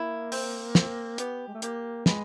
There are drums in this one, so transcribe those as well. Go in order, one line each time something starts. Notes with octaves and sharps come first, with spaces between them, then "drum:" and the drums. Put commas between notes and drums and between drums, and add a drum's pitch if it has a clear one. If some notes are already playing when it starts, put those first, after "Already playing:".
Already playing: A#3 E4
C4, drum: open hi-hat
C4, drum: snare
B3 G4, drum: hi-hat
G#3
A3
A#3 G4, drum: hi-hat
G#3 B3, drum: snare